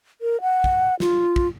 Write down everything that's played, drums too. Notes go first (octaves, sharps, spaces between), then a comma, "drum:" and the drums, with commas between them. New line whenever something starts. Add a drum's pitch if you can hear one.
A#4
F#5
drum: kick
F4, drum: snare
drum: kick